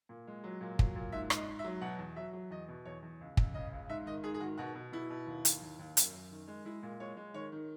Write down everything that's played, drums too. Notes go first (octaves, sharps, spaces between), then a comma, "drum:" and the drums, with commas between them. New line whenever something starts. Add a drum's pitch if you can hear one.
A#2
G#3
F#3
A#2
F#3, drum: kick
A#2
G#2 E5
G#2, drum: rim click
D#5
G#2
E5
F#3
B2 F#5
E2
F#3 E5
F#3
E2 D#5
B2
E2 C#5
E2
C#2
C#2, drum: kick
C#3 D#5
C#2
G#2 E5
D#3 D#5
G#2 G#4
G#4
D#3 F#4
B2 F#4
B2
B2 E4
B2
D#2
D#2, drum: hi-hat
D#2
D#2
F#2, drum: hi-hat
F#2
D#3
G#3
G#3 E4
A#2
G#3 C#5
G#3
D#3 C#5
D#3